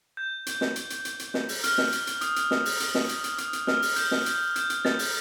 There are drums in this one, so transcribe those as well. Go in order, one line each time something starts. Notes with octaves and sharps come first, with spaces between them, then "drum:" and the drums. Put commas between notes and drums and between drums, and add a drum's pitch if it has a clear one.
G6
drum: hi-hat
drum: snare
drum: hi-hat
drum: hi-hat
drum: hi-hat
drum: hi-hat
drum: snare
drum: open hi-hat
F6, drum: hi-hat
drum: snare
drum: hi-hat
drum: hi-hat
D#6, drum: hi-hat
drum: hi-hat
drum: snare
drum: open hi-hat
drum: hi-hat
drum: snare
drum: hi-hat
drum: hi-hat
D#6, drum: hi-hat
drum: hi-hat
F6, drum: snare
drum: open hi-hat
G6, drum: hi-hat
drum: snare
drum: hi-hat
G6, drum: hi-hat
drum: hi-hat
A6, drum: snare
drum: open hi-hat